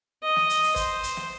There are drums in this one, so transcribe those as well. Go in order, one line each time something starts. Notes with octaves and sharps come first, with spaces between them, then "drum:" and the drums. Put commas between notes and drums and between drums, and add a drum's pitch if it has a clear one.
D#5
drum: snare
drum: hi-hat
drum: open hi-hat
C5, drum: kick, hi-hat
drum: hi-hat
drum: snare